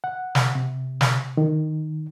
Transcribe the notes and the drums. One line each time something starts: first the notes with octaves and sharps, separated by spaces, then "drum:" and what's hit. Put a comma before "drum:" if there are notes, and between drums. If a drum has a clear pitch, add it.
F#5
drum: snare
C3
drum: snare
D#3